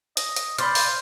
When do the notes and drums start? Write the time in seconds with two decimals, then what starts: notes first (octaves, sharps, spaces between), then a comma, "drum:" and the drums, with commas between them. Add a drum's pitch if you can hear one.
0.17 D#5, drum: hi-hat
0.36 drum: hi-hat
0.58 C5 D5 B5 C6 F6, drum: hi-hat
0.75 drum: open hi-hat